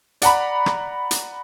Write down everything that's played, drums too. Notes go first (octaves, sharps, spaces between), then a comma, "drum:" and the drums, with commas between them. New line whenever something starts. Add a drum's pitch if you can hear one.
D5 F#5 A#5 B5, drum: hi-hat
drum: rim click
drum: hi-hat